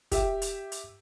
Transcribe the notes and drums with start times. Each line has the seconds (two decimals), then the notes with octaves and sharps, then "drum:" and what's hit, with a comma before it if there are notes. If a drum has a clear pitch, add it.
0.12 G4 E5, drum: kick, hi-hat
0.42 drum: hi-hat
0.72 drum: hi-hat